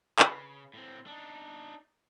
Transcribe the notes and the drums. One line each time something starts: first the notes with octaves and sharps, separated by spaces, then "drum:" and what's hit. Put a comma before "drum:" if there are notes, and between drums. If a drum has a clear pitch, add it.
C#3 B4, drum: clap
A2 C4
D4 D#4